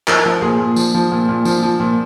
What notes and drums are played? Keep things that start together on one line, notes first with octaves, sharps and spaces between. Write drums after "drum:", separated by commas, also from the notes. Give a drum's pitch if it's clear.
F3 A#4, drum: clap
F3
A#2 G#4
A#2
F3, drum: tambourine
F3
A#2
A#2
F3, drum: tambourine
F3
A#2